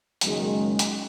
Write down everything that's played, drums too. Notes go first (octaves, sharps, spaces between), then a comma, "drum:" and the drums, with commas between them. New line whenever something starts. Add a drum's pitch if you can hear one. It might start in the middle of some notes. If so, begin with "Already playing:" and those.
F#1 F#2 D#3 G#3, drum: hi-hat
drum: hi-hat